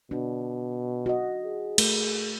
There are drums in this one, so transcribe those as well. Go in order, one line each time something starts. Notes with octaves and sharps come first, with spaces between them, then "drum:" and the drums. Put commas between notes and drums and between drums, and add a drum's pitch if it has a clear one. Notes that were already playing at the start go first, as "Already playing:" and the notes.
B2 D4
F#4 D#5
G#4
A3 A#4, drum: cymbal